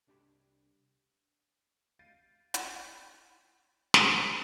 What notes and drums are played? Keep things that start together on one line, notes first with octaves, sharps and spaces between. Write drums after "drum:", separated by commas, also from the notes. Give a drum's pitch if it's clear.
C2 D4 G4 G5 B5
F5 G6 A6 C7 D7 D#7
drum: hi-hat
drum: snare